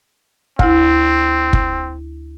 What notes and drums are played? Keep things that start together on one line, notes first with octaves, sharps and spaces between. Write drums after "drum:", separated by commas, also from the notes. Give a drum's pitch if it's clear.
D2 C4 E4, drum: kick
drum: kick